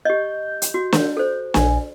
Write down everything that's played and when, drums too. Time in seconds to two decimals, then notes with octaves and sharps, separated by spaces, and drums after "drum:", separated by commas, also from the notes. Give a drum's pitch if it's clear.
0.05 G4 D#5 G6
0.62 drum: hi-hat
0.74 F#4
0.93 drum: snare
1.17 A4 C5
1.54 A#1 G#5, drum: snare